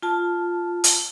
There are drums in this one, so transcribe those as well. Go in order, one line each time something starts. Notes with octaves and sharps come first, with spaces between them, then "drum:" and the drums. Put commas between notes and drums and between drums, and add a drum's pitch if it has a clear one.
F4 A5
drum: hi-hat